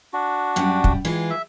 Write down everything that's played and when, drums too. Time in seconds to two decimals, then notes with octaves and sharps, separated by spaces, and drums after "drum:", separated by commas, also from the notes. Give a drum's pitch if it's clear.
0.13 D4 F#4
0.56 F#2 G3
0.84 drum: kick
1.05 E3 G#3 F4
1.30 E5